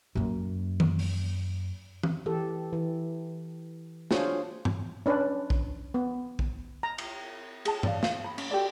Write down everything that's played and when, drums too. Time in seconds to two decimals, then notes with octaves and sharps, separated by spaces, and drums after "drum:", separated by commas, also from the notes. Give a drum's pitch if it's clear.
0.15 F#2 A#3
0.80 drum: tom
0.99 drum: open hi-hat
2.03 drum: tom E3
2.26 E3 G4 A4
2.73 E3
4.11 D4 F4 F#4 G#4 C5 C#5, drum: snare
4.65 drum: tom G2
5.06 C#4 D4 B4
5.50 drum: kick
5.94 B3
6.39 drum: kick
6.83 A#5
6.98 drum: cymbal
7.65 G#4 A5, drum: cymbal
7.83 C#5 D5 F5, drum: tom G2
8.03 F5, drum: snare
8.24 B5
8.38 C#4, drum: cymbal
8.51 F#4 G4 A4 D5